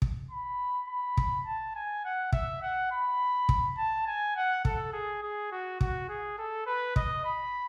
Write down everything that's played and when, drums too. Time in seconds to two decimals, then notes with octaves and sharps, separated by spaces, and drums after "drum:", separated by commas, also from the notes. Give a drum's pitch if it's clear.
0.02 drum: kick
0.31 B5
0.88 B5
1.17 drum: kick
1.46 A5
1.75 G#5
2.05 F#5
2.32 E5, drum: kick
2.62 F#5
2.92 B5
3.49 drum: kick
3.77 A5
4.07 G#5
4.36 F#5
4.65 A4, drum: kick
4.93 G#4
5.22 G#4
5.51 F#4
5.81 F#4, drum: kick
6.09 G#4
6.38 A4
6.66 B4
6.96 D#5, drum: kick
7.25 B5